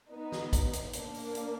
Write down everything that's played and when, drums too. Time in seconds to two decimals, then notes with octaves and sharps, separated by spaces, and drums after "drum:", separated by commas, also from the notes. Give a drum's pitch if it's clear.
0.12 B3 D#4
0.32 drum: snare
0.53 drum: kick, hi-hat
0.73 drum: hi-hat
0.93 A#3 D4, drum: hi-hat
1.14 drum: open hi-hat
1.35 drum: hi-hat